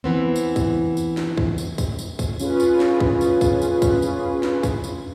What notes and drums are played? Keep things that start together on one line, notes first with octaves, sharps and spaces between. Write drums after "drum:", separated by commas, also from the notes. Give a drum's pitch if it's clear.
E3 B3 C4
drum: tambourine
drum: kick, tambourine
drum: tambourine
drum: snare
drum: kick
drum: tambourine
drum: kick, tambourine
drum: tambourine
drum: kick, tambourine
C#4 F4 G#4 B4, drum: tambourine
drum: tambourine
drum: snare
drum: kick
drum: tambourine
drum: kick, tambourine
drum: tambourine
drum: kick, tambourine
drum: tambourine
drum: snare
drum: kick, tambourine
drum: tambourine